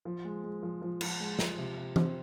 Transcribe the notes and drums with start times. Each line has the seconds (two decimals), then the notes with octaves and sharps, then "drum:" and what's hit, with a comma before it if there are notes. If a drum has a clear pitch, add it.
0.05 F3
0.24 G#3
0.43 G#3
0.63 F3
0.82 F3
1.01 F3, drum: cymbal
1.20 G#3
1.39 F3, drum: snare
1.58 C3
1.77 C3
1.96 C4, drum: tom E3